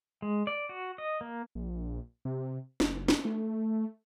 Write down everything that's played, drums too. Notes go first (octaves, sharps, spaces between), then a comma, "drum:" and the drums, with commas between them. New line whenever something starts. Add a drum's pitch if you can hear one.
G#3
D5
F#4
D#5
A#3
A#1
C3
F#1, drum: snare
drum: snare
A3